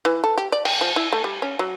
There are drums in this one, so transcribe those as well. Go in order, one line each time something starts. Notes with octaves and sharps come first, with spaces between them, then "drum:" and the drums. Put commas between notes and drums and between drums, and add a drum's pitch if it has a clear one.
E3
A4
G4
D5
G5, drum: cymbal
F3
E4
A3
G3
C#4
F#3